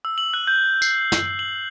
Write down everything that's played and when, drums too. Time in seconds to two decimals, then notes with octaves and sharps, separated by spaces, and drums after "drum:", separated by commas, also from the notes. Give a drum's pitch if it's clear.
0.05 E6
0.18 F#7
0.34 F#6
0.47 G6
0.82 C7, drum: tambourine
1.12 drum: snare
1.39 F#7